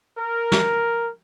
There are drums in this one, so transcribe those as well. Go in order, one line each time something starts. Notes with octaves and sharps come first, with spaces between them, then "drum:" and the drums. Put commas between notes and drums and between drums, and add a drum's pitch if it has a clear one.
A#4
drum: snare